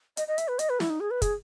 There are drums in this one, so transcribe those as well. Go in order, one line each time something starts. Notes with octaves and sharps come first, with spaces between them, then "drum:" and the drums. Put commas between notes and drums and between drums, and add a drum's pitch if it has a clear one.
D#5, drum: hi-hat
D#5
E5, drum: hi-hat
B4
D#5, drum: hi-hat
B4
E4, drum: snare
D#4
G#4
B4
G#4, drum: kick, hi-hat